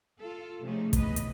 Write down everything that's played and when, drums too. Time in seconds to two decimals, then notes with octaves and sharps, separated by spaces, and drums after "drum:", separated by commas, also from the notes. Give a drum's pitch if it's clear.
0.19 F4 A4
0.61 C3 F3 A3 C#4 D#4 G#4
0.93 E3 B3 B4 D#5, drum: kick, hi-hat
1.16 drum: hi-hat